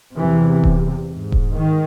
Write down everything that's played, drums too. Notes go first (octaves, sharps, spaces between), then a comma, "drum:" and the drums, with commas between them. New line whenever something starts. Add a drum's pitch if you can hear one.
E2 C3 E3
drum: kick D#1
G#2
drum: kick D#1
D#3